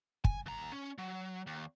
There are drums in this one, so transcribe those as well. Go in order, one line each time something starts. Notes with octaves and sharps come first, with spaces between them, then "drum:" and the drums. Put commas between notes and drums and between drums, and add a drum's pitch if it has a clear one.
G#5, drum: kick
D#2 A#5
C#4
F#3
D#2